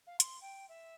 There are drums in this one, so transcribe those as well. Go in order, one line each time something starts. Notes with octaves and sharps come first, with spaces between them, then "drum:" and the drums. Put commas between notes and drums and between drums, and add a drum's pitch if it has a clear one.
F5
C6, drum: hi-hat
G5
E5